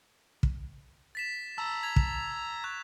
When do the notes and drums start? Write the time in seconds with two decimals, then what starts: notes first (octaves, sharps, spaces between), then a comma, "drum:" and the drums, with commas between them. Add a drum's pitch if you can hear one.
0.43 drum: kick
1.15 A6 B6 E7
1.58 A5 A#5 E6
1.83 G#6 F7
1.96 drum: kick
2.64 C#6 F#6